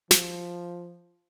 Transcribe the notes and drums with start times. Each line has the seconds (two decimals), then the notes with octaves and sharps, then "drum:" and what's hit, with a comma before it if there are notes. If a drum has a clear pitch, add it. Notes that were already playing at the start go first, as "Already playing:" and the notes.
0.11 F3, drum: snare